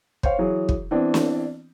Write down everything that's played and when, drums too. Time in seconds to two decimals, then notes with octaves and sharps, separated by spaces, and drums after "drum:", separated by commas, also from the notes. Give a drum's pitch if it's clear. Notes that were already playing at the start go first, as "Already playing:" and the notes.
0.23 C5 C#5 F5, drum: kick
0.38 E3 F#3 G#4
0.69 drum: kick
0.91 E3 B3 C4 D4
1.14 drum: snare